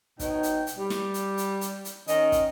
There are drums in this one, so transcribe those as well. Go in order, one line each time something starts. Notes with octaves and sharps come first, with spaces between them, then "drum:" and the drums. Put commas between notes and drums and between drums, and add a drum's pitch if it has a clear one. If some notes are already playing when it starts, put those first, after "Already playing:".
B2 D#4 C#5 G5, drum: kick, hi-hat
drum: hi-hat
drum: hi-hat
G3
drum: snare
drum: hi-hat
drum: hi-hat
drum: hi-hat
drum: hi-hat
D#3 C#4 D#5, drum: hi-hat
drum: kick, hi-hat